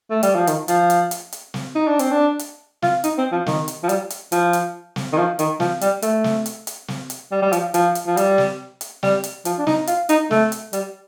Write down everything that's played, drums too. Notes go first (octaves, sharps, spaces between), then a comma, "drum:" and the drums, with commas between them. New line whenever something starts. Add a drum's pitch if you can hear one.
A3
G3, drum: hi-hat
F3
D#3, drum: hi-hat
F3, drum: hi-hat
drum: hi-hat
drum: hi-hat
drum: hi-hat
drum: snare
D#4
D4
C4, drum: hi-hat
D4
drum: hi-hat
F4, drum: snare
D#4, drum: hi-hat
C4
F3
D#3, drum: snare
drum: hi-hat
F3
G3, drum: hi-hat
drum: hi-hat
F3, drum: hi-hat
drum: hi-hat
drum: snare
D#3
F3
D#3, drum: hi-hat
F3, drum: snare
G3, drum: hi-hat
A3, drum: hi-hat
drum: snare
drum: hi-hat
drum: hi-hat
drum: snare
drum: hi-hat
G3
G3
F3, drum: hi-hat
F3, drum: hi-hat
drum: hi-hat
F3
G3, drum: hi-hat
drum: snare
drum: hi-hat
G3, drum: snare
drum: hi-hat
F3, drum: hi-hat
D4
D#4, drum: snare
F4, drum: hi-hat
D#4, drum: hi-hat
A3, drum: snare
drum: hi-hat
G3, drum: hi-hat